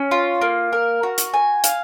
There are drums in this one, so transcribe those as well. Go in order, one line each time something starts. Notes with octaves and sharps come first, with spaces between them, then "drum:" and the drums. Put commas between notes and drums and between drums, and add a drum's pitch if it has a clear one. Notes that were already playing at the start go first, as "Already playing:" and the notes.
Already playing: C#4
F4
A#3
A#4
F#4
drum: hi-hat
G#5
F5, drum: hi-hat